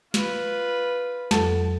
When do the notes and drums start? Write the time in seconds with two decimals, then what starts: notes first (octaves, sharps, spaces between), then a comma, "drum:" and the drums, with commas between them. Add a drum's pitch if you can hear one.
0.14 F4 B4, drum: snare
1.31 F2 F#3 A4, drum: snare